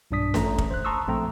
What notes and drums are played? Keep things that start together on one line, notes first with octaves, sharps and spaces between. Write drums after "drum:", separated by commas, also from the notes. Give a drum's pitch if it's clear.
B1 G2 D4 D5 D#6 B6
A1 A3 A#5, drum: snare C#4
drum: kick
C5 F#6
A5 A#5 C6 C#6 D#6 E6
A#1 A3 C4 G5 A#5